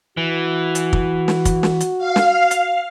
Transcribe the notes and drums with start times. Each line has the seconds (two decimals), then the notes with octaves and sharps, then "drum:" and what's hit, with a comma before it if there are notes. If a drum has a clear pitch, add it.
0.17 E3 F#4
0.75 drum: hi-hat
0.93 drum: kick
1.28 drum: snare
1.45 drum: kick, hi-hat
1.63 drum: snare
1.81 drum: hi-hat
1.98 F5
2.16 drum: snare
2.51 drum: hi-hat